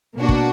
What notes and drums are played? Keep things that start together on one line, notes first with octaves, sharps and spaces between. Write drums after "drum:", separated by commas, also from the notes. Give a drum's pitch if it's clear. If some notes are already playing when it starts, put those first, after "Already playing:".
B2 A#3 D4 F#4
drum: kick